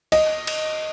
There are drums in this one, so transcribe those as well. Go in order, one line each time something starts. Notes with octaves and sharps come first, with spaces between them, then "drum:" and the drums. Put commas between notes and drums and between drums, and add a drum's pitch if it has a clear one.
D#5, drum: cymbal
drum: cymbal